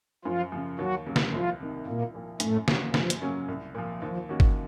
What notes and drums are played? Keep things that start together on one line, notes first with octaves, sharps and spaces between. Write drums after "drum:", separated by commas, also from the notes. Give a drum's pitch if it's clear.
F#2 F3 F4
C#3 F3
D#2 F#3 F#4
C#3 F#3 A#3
drum: snare
C2 F3 F4
C3 D#3
C2 A#2 A#3
A#2 F3 A#3
F#2 A2 A3, drum: hi-hat
F3 A#3 C#4 F#4, drum: snare
F#2 F3, drum: snare
drum: hi-hat
C#3 F#3 A#3 C#4
C2
A#2 F3
D#2 F3
D#3 A#3 C#4 F#4
drum: kick G1